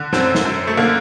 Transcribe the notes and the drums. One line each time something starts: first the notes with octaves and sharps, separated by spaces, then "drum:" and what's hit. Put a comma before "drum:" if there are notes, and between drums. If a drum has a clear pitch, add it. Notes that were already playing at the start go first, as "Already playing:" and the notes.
Already playing: D3
F#2 C4, drum: snare
drum: snare
F#2
A3
D3 A#3